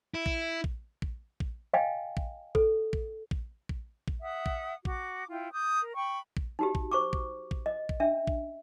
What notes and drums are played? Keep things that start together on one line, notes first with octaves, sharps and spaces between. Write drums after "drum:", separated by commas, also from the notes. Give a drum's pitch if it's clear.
E4
drum: kick A#1
drum: kick A#1
drum: kick A#1
drum: kick A#1
D#5 F5 G5 G#5
drum: kick A#1
A4, drum: kick A#1
drum: kick A#1
drum: kick A#1
drum: kick A#1
drum: kick A#1
E5 F#5 D#6
drum: kick A#1
F#4 D6, drum: kick A#1
E4 F4 G5
D6 D#6 G6
A#4
G5 B5 C#6
drum: kick A#1
D#4 F#4 G4
drum: kick A#1
C5 C#6 D6
drum: kick A#1
drum: kick A#1
D#5
drum: kick A#1
C#4 D4 E5
drum: kick A#1